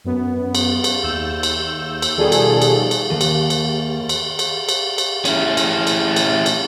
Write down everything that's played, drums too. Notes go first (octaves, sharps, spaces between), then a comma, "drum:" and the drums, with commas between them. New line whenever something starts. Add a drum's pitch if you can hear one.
F#2 B3
drum: cymbal
drum: cymbal
D#2 E6 G6
drum: cymbal
drum: cymbal
B2 D#3 F3 G3 G#4 A4
drum: cymbal
drum: cymbal
drum: cymbal
D#2
drum: cymbal
drum: cymbal
drum: cymbal
drum: cymbal
drum: cymbal
drum: cymbal
C#4 E4, drum: cymbal
drum: cymbal
drum: cymbal
drum: cymbal
drum: cymbal